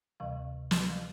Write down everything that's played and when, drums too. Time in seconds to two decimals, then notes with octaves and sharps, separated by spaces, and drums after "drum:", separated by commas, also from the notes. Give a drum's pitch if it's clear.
0.20 D2 C3 E3 G3 F5
0.71 drum: snare
0.89 E3 G3